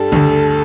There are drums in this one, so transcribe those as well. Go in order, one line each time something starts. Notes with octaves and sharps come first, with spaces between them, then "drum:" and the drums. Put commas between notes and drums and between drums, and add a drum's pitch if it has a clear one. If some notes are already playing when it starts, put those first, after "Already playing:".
Already playing: G2 G3 A4
D2 D3, drum: tom